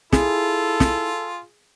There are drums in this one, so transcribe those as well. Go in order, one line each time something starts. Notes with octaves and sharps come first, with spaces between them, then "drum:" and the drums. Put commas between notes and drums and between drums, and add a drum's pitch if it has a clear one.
E4 F4 G#4 A4, drum: snare
drum: snare